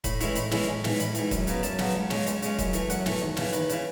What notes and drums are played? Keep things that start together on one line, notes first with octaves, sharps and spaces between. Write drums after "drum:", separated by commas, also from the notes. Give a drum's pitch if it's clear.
A2 B5, drum: kick, hi-hat
E3 G#3 C#4 E4 B5, drum: hi-hat
A2 B5, drum: hi-hat
E3 G#3 C#4 E4, drum: snare
A1
G#2 E3, drum: snare
A1 B5, drum: hi-hat
G#2 E3, drum: hi-hat
F#2, drum: kick, hi-hat
C#3 F#3 B3, drum: hi-hat
F#2 A5, drum: hi-hat
C#3 F#3 B3, drum: snare
C#2
C#3 G#3 C#4, drum: snare
C#2, drum: hi-hat
C#3 G#3 C#4, drum: hi-hat
F#2, drum: kick, hi-hat
E3 A3, drum: hi-hat
F#2 F#5, drum: hi-hat
E3 A3, drum: snare
D#2
C#3 E3, drum: snare
D#2 B4, drum: hi-hat
C#3 E3, drum: hi-hat